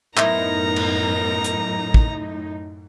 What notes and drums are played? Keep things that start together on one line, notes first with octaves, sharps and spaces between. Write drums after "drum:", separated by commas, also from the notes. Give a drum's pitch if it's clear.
F#2 A2 B3 D#4 E4 A#4 C5 A#5, drum: clap
drum: cymbal
drum: hi-hat
drum: kick